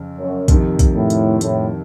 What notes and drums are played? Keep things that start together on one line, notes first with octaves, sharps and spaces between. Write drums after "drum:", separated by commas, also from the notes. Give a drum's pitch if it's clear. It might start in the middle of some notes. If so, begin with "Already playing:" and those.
Already playing: F2 C#3
F#2
F2 C3 D#3, drum: kick, hi-hat
drum: kick, hi-hat
A2
drum: hi-hat
A2, drum: hi-hat